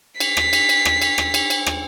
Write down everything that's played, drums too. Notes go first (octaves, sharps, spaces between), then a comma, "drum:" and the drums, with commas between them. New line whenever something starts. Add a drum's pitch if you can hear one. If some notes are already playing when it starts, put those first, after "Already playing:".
B6 C7, drum: cymbal
drum: rim click
drum: cymbal
drum: cymbal
drum: rim click
drum: cymbal
drum: rim click
drum: cymbal
drum: cymbal
drum: rim click